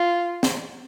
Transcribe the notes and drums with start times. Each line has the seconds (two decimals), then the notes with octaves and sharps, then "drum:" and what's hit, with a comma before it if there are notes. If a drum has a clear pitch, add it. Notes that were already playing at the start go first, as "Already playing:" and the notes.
Already playing: F4
0.43 drum: snare